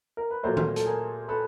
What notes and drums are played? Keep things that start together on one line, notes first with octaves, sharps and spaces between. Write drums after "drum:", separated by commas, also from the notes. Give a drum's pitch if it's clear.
A#4
B4
A#2 F#3 A3 A#4 C5
drum: tom D#3
A4, drum: hi-hat
G#4 A#4
A4 B4